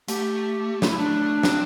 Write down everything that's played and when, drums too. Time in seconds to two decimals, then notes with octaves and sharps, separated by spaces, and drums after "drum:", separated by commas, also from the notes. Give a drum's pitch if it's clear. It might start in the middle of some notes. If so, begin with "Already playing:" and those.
0.08 A3 G4, drum: hi-hat
0.82 F4, drum: snare
0.90 E4
0.98 A3 D4
1.43 C4, drum: snare